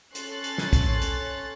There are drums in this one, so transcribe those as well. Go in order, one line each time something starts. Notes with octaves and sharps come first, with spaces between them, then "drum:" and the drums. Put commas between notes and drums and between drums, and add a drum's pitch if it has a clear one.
C#4 A4 C#5 C6 F#6 A6, drum: hi-hat
drum: hi-hat
drum: snare
drum: kick, hi-hat
drum: hi-hat